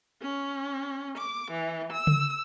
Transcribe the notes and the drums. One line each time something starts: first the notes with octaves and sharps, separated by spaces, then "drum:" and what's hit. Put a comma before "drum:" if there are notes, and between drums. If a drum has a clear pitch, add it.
C#4
D6
E3
E6
drum: tom C#3